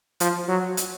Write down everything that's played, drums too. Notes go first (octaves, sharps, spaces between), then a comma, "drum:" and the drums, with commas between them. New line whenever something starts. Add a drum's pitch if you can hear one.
F3, drum: hi-hat
F#3
drum: hi-hat